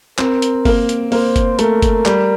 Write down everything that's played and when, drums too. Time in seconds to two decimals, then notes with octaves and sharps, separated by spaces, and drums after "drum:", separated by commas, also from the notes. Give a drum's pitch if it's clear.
0.18 C4 A#4, drum: clap
0.42 drum: hi-hat
0.65 A#3, drum: kick F#1, open hi-hat
0.89 drum: hi-hat
1.12 A#3 C5, drum: open hi-hat
1.36 drum: kick F#1, hi-hat
1.59 A3 A#4, drum: hi-hat
1.82 drum: kick F#1, hi-hat
2.06 G3, drum: clap